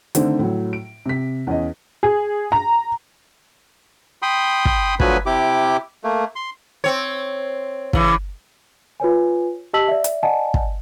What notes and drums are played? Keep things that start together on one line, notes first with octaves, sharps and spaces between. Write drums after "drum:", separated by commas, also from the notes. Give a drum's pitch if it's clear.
D3 D#3 A3 C4 D4, drum: hi-hat
A2 F#3
D7
C3 B6
E2 C#4 D#5
G#4
A#5
G5 B5 C6 D#6
drum: kick
D2 F3 F#3 B4 G#5 B5, drum: kick
C3 E4 G4 D6
A3 A#3
C6
C4 C#5
C#3 E3, drum: kick
F4 B4 C#5 G#5
G4 D#5 A5 E6 B6 F#7
D5 E5
drum: hi-hat
D5 D#5 F#5 G#5 A5
drum: kick